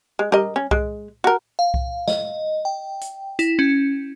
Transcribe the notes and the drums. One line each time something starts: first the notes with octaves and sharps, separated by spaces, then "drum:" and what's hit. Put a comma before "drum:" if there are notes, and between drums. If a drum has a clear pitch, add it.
G#3
G4 A#4 D#5, drum: tom G3
C#4
G#3, drum: kick C2
F#4 A#4
F5
drum: kick C2
D#5, drum: snare
G5
drum: hi-hat
E4, drum: hi-hat
C#4